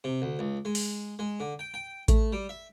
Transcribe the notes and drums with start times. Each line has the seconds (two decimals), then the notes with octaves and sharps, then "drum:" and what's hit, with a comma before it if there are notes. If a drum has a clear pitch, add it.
0.04 C3
0.22 D2
0.39 C#2
0.65 G#3
0.75 drum: open hi-hat
1.19 G#3
1.40 D3
1.59 G5
1.74 G5
2.08 A3, drum: kick A1, hi-hat
2.33 G3
2.49 E5